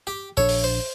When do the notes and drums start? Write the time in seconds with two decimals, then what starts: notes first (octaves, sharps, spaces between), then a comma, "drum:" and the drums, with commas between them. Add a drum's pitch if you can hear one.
0.07 G4
0.37 A#1 D4 A4 C#5
0.49 drum: open hi-hat
0.64 C5